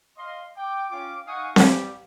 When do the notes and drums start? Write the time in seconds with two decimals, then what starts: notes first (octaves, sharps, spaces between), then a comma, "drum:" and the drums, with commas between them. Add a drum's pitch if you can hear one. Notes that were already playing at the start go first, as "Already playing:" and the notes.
0.18 D#5 F5 C6
0.57 G5 D6
0.91 C#4 F4 F5 G5 D6
1.27 D#4 F5 F#5 G#5 C#6 D#6
1.56 G3 G4, drum: snare C4